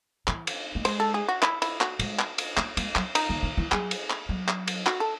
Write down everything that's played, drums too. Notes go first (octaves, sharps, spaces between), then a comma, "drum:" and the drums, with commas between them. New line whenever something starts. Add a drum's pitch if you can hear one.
E3, drum: clap
drum: cymbal
A3
G#3 C5, drum: cymbal
A4
G#4
F#4
E4, drum: clap
E4, drum: cymbal
F#4, drum: clap
G#3, drum: cymbal
drum: clap
drum: cymbal
A3, drum: clap
G#3, drum: cymbal
F#3, drum: clap
D#4, drum: cymbal
D#3
D#3
E3
F#3 G#4, drum: clap
drum: cymbal
drum: clap
F#3
drum: clap
drum: cymbal
F#4, drum: clap
A4